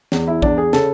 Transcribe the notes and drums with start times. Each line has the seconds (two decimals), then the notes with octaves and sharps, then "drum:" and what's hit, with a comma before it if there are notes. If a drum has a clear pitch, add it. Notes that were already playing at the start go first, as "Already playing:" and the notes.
0.12 E2, drum: snare
0.28 E4
0.42 E2 D4, drum: kick
0.58 G#4
0.73 C#3 A4, drum: snare